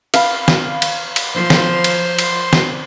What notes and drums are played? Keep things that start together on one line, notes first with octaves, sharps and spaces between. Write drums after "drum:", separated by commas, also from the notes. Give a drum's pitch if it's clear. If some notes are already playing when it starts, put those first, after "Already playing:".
F5 B5, drum: cymbal
drum: snare
drum: cymbal
drum: cymbal
F3 C5 C6
drum: snare
drum: cymbal
drum: cymbal
drum: snare